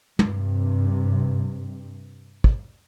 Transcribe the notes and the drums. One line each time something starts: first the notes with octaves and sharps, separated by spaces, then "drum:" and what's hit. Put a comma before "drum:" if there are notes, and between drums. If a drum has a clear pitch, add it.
G2 C3, drum: tom
drum: kick